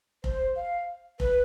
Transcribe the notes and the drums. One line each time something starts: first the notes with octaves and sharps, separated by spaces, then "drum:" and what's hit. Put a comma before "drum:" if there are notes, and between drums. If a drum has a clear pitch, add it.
C5, drum: kick F1
F5
B4, drum: kick F1